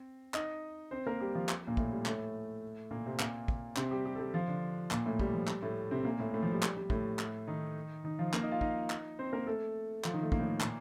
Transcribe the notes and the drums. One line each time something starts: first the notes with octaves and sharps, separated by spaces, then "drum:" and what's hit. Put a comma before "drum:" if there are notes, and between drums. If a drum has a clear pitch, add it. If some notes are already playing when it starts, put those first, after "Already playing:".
Already playing: C4
D#4 D#5, drum: clap
C4 C5
A#3 A#4
G3 G4
F3 F4
drum: clap
A#2 A#3
A2 A3, drum: kick
G3
A2 A3, drum: clap
A#2 A#3
C3 C4
A#2 A#3, drum: clap
drum: kick
C3 C4, drum: clap
G3 G4
G3 G4
A4
G3 G4
F3 F4
D3 D4
A#2 A#3, drum: clap
A2 A3
G3, drum: kick
F3
G3, drum: clap
A2 A3
C3 C4
A#2 A#3
A2 A3
A2 A3
F3
G3
G3, drum: clap
G3
A2 A3, drum: kick
drum: clap
D#3 D#4
D#3 D#4
F3 F4
A#3 A#4, drum: clap
D#4 D#5
F4 F5
D#4 D#5, drum: kick
drum: clap
C4 C5
A#3 A#4
A3 A4
F3 F4, drum: clap
D#3 D#4
A3
A#3, drum: kick
A2 A3
A#2 A#3, drum: clap